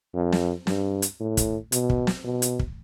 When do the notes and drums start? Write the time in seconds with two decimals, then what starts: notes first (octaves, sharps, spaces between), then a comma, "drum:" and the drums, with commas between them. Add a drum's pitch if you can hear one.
0.15 F2
0.32 drum: snare
0.67 G2, drum: snare
1.02 drum: hi-hat
1.20 A2
1.37 drum: kick, hi-hat
1.72 B2, drum: hi-hat
1.90 drum: kick
2.07 drum: snare
2.24 B2
2.42 drum: hi-hat
2.59 drum: kick